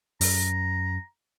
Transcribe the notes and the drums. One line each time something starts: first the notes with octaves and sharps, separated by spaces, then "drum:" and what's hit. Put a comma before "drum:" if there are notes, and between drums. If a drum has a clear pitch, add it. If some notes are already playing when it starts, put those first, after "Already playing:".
F#2 A#5, drum: open hi-hat